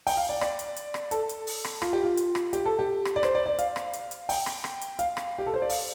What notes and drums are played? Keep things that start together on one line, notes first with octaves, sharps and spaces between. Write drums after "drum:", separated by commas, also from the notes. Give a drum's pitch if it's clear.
G5, drum: open hi-hat
F5
D5
D5, drum: rim click
drum: hi-hat
drum: hi-hat
drum: rim click
A4, drum: hi-hat
drum: hi-hat
drum: open hi-hat
drum: rim click
F4, drum: rim click
G4
F4
drum: hi-hat
drum: rim click
G4, drum: hi-hat
A4
G4
drum: rim click
D5
C5, drum: rim click
D5
D5
F5, drum: hi-hat
drum: rim click
drum: hi-hat
drum: hi-hat
G5, drum: open hi-hat
drum: rim click
drum: rim click
drum: hi-hat
F5, drum: hi-hat
drum: rim click
G4
A4
C5
D5
F5, drum: open hi-hat